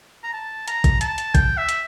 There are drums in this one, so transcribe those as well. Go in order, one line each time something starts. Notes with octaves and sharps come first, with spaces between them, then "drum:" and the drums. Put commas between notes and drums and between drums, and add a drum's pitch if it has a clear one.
A#5
A5
A#5, drum: hi-hat
drum: kick, hi-hat
A5, drum: hi-hat
drum: hi-hat
G5, drum: kick, hi-hat
E5
drum: hi-hat